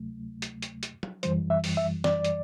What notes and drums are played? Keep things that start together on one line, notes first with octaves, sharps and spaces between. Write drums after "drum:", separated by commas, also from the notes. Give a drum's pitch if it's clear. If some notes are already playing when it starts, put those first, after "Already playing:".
Already playing: D2 C3 F#3 A3
drum: hi-hat
drum: hi-hat
drum: hi-hat
drum: tom F#3
F#2 E3 G3 C5, drum: hi-hat
E5
drum: open hi-hat
E5
D5, drum: snare
drum: hi-hat